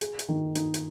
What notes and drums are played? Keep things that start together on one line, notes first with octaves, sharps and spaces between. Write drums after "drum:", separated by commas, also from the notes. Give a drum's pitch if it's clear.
G#4, drum: hi-hat
drum: hi-hat
D#3
D#4, drum: hi-hat
drum: hi-hat